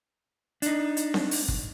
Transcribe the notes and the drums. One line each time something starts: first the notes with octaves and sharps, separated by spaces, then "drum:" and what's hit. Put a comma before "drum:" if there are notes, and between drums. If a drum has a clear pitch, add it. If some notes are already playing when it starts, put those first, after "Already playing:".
D4 D#4, drum: hi-hat
drum: hi-hat
drum: snare C4
drum: open hi-hat
drum: kick